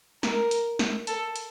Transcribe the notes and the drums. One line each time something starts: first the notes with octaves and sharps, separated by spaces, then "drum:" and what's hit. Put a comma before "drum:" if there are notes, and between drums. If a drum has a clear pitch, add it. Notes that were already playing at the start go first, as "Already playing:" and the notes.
A#4, drum: snare
drum: hi-hat
drum: snare
A4, drum: hi-hat
drum: hi-hat